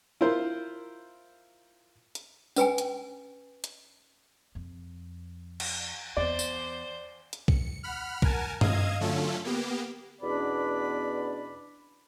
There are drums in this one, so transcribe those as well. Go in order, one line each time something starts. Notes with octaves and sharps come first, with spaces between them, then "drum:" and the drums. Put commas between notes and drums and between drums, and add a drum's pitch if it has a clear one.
E4 F4 A#4 C5
drum: hi-hat
C#4 B4 G5 G#5, drum: tambourine
drum: hi-hat
drum: hi-hat
F2
drum: cymbal
E2 C5 D5
drum: tambourine
drum: hi-hat
C#7, drum: kick
F#5 B5 F6
A#4 F#5 G#5 A5, drum: kick
D#5 F5 D#6 E6 G#6, drum: tom G2
D3 F#3 A3 C#4 F4 A4
A#3 B3 G4
E2 B2 C#4 D4 D5 B5